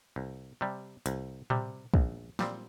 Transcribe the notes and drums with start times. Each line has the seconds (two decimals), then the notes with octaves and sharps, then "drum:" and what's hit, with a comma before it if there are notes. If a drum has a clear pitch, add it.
0.16 C2
0.61 C3 G3
1.06 C2, drum: hi-hat
1.50 C3 G3, drum: tom A2
1.94 A#1, drum: kick
2.39 A#2 G3 C4, drum: snare